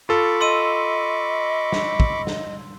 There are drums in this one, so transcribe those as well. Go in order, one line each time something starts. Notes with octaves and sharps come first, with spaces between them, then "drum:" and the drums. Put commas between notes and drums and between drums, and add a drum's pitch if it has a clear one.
F4 A4 B5 C#6 D6
D#5 C6 E6 D#7
drum: snare
drum: kick
drum: snare